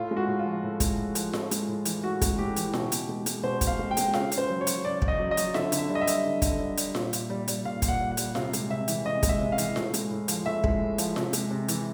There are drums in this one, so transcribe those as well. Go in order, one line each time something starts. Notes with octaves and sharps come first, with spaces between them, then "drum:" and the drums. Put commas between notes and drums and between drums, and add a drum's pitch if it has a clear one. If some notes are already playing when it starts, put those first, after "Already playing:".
Already playing: A2 F4
G#3
F#4
A2
F4
F3
A2
G#3, drum: kick, hi-hat
A2
F3, drum: hi-hat
A2, drum: snare F4
G#3, drum: hi-hat
A2
E3, drum: hi-hat
A2 F#4
G#3, drum: kick, hi-hat
A2 G4
E3, drum: hi-hat
B2, drum: snare F4
B2, drum: hi-hat
G#3
G#3, drum: hi-hat
B2 C5
B2, drum: kick, hi-hat
F5
G#3
G5
G#3, drum: hi-hat
C#3 F5, drum: snare F4
C#3, drum: hi-hat
C5
F#3
C#5
F#3, drum: hi-hat
C#3 D5
C#3, drum: kick
D#5
F#3
D#5
F#3, drum: hi-hat
D3 E5, drum: snare F4
D3, drum: hi-hat
E5
G3
D#5
E5
G3, drum: hi-hat
D3
D3, drum: kick, hi-hat
G3
G3, drum: hi-hat
A#2, drum: snare F4
A#2, drum: hi-hat
G3
G3, drum: hi-hat
A#2 F5
A#2, drum: kick, hi-hat
F#5
G3
F#5
G3, drum: hi-hat
C3 F5, drum: snare F4
G#3, drum: hi-hat
C3 E5
E3, drum: hi-hat
C3 D#5
G#3, drum: kick, hi-hat
E5
C3
F5
E3, drum: hi-hat
A2, drum: snare F4
G#3, drum: hi-hat
A2
F3, drum: hi-hat
A2 E5
G#3, drum: kick
A2
F3, drum: hi-hat
C3, drum: snare F4
G#3, drum: hi-hat
C3
E3, drum: hi-hat